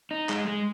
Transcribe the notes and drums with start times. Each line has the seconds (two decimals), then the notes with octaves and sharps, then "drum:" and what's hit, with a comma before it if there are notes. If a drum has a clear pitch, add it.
0.11 D#4
0.29 G#3, drum: clap
0.48 G#3